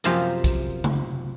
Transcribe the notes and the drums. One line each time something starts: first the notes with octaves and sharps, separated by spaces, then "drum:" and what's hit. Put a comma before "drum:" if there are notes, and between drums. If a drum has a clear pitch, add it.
F#2 C3 F3 A#3 F4 G4, drum: hi-hat
drum: kick, hi-hat
drum: tom C#3